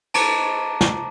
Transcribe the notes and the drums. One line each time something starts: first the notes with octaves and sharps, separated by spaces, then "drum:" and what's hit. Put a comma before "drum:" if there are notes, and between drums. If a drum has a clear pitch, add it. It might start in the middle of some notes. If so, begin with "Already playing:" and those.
A5 A#5 D6, drum: cymbal
drum: snare